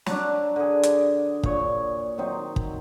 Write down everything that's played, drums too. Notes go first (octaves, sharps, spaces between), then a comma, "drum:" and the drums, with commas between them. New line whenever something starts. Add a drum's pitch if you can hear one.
F#3 D4, drum: snare
D3 G#4
drum: hi-hat
A#2 C#5, drum: kick
D#3 F#3 C4 D#4
drum: kick